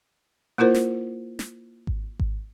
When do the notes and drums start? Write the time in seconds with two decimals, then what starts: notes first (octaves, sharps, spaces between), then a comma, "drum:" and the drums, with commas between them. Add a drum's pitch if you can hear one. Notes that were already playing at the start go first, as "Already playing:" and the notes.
0.58 A#3 E4 F4 A#4 C5
0.74 drum: snare
1.39 drum: snare
1.87 drum: kick G#1
2.20 drum: kick G#1